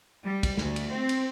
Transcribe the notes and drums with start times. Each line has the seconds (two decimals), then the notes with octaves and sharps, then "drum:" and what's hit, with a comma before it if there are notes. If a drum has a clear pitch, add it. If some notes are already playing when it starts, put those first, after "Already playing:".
0.23 G3
0.43 drum: kick, cymbal
0.57 D2, drum: snare
0.76 drum: cymbal
0.93 C4
1.09 drum: cymbal